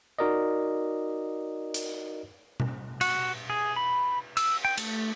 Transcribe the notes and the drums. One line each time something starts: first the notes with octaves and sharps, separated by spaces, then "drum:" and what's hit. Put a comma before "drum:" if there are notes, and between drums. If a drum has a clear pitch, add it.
D#4 F#4 A#4 D5 D#5
drum: hi-hat
drum: tom B2
F#4, drum: cymbal
G#4
B5
E6, drum: cymbal
G5
A3, drum: cymbal